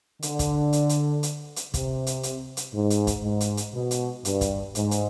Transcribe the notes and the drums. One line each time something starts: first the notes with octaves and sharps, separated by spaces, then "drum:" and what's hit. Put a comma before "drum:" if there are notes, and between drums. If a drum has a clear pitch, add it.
D3, drum: hi-hat
drum: kick, hi-hat
drum: hi-hat
drum: hi-hat
drum: hi-hat
drum: hi-hat
C3, drum: kick, hi-hat
drum: hi-hat
drum: hi-hat
drum: hi-hat
G#2
drum: hi-hat
drum: kick, hi-hat
G#2
drum: hi-hat
drum: hi-hat
B2
drum: hi-hat
G2, drum: hi-hat
drum: kick, hi-hat
G#2, drum: hi-hat
drum: hi-hat